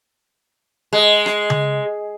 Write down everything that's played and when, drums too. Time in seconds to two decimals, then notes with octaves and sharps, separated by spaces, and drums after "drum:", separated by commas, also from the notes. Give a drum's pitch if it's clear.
0.93 G#3
1.26 drum: rim click
1.50 drum: tom C#3